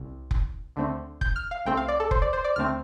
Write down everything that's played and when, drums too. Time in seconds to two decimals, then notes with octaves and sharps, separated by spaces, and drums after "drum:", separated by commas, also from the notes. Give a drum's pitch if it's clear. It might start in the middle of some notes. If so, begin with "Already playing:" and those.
Already playing: C2 C3
0.31 drum: kick F1
0.76 D2 D3 A3 C4
1.21 G6, drum: kick F1
1.36 F6
1.51 F5
1.66 C2 C3 A3 C4 G5
1.77 F5
1.88 D5
2.00 A4
2.11 C5, drum: kick F1
2.22 D5
2.33 C5
2.44 D5
2.56 D2 D3 A3 C4 F6